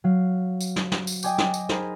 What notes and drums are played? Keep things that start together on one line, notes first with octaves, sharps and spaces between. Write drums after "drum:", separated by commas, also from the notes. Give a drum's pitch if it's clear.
F#3 F5
drum: tambourine
drum: snare
drum: snare
drum: tambourine
D#5 G5 G#5 D6 G6, drum: tambourine
drum: snare
drum: tambourine
D#4 G#4 A#4 C5 B5, drum: snare